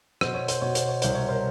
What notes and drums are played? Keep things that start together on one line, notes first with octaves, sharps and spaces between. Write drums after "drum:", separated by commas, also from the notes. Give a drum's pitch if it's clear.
B2 C5, drum: rim click
C#5
C5, drum: hi-hat
B2 C#5
C5, drum: hi-hat
C#5
C2 C5, drum: hi-hat
C#5
A#4 C5